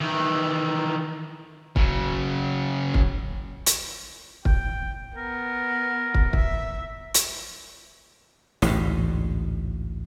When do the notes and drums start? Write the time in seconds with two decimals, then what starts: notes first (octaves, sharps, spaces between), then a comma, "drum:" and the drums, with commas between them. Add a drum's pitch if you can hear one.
0.01 D#3 E3
1.76 C#3 F#3, drum: kick
2.94 drum: kick
3.66 drum: hi-hat
4.45 G5, drum: kick
5.16 B3 A#4
6.14 drum: kick
6.33 E5, drum: kick
7.14 drum: hi-hat
8.62 A1 D2 G#2, drum: snare